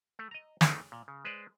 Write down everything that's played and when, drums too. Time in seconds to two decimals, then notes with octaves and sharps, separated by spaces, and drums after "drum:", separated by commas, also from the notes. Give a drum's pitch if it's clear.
0.19 A3
0.31 D#5 A#5
0.61 D#3 E3 A3 C4 D#4, drum: snare
0.92 A#2
1.08 C#3
1.25 G#3 B4 C5 D5